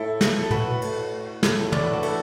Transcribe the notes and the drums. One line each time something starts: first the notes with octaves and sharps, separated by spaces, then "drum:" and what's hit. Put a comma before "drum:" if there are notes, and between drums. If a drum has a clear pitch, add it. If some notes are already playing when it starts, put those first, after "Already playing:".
Already playing: A2 E4 A4
drum: snare
A4
A2 F#4 B4, drum: tom
A2, drum: cymbal
A2, drum: snare
A4 D5, drum: tom
F#4 B4
D4 F#4
E4 A4, drum: cymbal